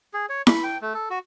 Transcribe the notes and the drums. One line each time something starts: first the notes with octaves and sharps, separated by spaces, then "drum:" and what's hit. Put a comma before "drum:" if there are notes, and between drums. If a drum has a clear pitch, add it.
G#4
C#5
B5, drum: snare E4
G5
A3
A4
F#4